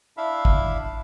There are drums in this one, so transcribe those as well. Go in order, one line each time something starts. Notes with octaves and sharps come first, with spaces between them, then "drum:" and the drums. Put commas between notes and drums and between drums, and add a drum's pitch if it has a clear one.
D4 E4 E5 F5 B5
drum: kick